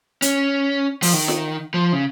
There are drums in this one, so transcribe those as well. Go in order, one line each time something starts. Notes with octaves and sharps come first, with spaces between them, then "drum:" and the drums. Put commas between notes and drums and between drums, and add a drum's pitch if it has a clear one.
C#4, drum: hi-hat
F3, drum: open hi-hat
D#3
drum: snare F4
F3
C#3